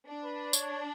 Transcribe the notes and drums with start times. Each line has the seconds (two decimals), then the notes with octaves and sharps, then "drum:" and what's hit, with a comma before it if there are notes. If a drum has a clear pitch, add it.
0.09 D4
0.24 B4
0.53 C#5, drum: tambourine